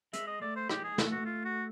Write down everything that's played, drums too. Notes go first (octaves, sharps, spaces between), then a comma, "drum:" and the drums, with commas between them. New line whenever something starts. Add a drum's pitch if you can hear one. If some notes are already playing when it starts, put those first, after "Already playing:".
G#3 E5, drum: hi-hat
D#5
A3 D5
C5
G#3 G4, drum: rim click
G#4
A3, drum: snare
F#4
F4
F#4